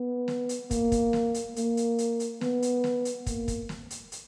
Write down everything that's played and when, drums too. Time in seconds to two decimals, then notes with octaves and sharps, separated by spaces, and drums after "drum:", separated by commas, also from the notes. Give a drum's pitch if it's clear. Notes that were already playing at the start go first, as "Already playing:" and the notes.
Already playing: B3
0.28 drum: snare
0.49 drum: hi-hat
0.71 A#3, drum: kick, hi-hat
0.92 drum: kick, hi-hat
1.13 drum: snare
1.34 drum: hi-hat
1.56 A#3, drum: hi-hat
1.77 drum: hi-hat
1.98 drum: hi-hat
2.20 drum: hi-hat
2.41 B3, drum: snare
2.62 drum: hi-hat
2.84 drum: snare
3.05 drum: hi-hat
3.27 A#3, drum: kick, hi-hat
3.48 drum: kick, hi-hat
3.69 drum: snare
3.90 drum: hi-hat
4.12 drum: hi-hat